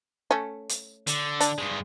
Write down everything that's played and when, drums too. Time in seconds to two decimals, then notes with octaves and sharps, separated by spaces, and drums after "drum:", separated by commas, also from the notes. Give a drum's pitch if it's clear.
0.31 A3 C#4
0.69 drum: hi-hat
1.07 D3, drum: hi-hat
1.41 D4, drum: hi-hat
1.58 G2 G#3